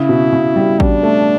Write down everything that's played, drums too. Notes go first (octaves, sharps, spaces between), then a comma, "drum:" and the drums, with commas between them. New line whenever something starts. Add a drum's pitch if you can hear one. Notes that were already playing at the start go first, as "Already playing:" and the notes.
Already playing: C#3 E4
B2
C#3
G3
D4, drum: kick A1
A3